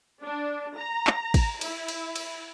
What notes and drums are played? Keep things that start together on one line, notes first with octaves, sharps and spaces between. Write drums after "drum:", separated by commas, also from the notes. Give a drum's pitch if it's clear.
D4
A#5
drum: clap
drum: kick, cymbal
E4, drum: cymbal
drum: cymbal
drum: cymbal